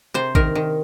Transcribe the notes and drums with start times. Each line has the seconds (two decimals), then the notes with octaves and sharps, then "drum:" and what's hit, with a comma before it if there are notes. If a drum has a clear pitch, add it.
0.14 C3 C5
0.35 D#3 A#4, drum: kick
0.55 D#3